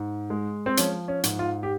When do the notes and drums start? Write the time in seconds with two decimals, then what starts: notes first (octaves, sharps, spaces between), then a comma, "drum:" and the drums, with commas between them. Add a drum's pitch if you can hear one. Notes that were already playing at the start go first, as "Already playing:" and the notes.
Already playing: G#2
0.30 G#3
0.66 C4
0.77 F3 C#4, drum: hi-hat
1.08 C#4
1.24 G#2, drum: hi-hat
1.39 F4
1.63 G4